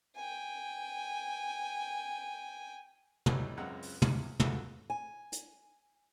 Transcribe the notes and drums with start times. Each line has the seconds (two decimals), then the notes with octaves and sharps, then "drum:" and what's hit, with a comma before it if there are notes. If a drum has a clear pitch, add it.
0.15 G5 G#5
3.26 B2 E3 F#3 G3 A3 C#4, drum: tom
3.57 C#2 F#2 G#3 C4 F#5 A#5
3.82 drum: open hi-hat
4.02 E2, drum: tom
4.40 F4 F#4 G#4 A4 B4 E5, drum: tom
4.90 G#5
5.32 drum: hi-hat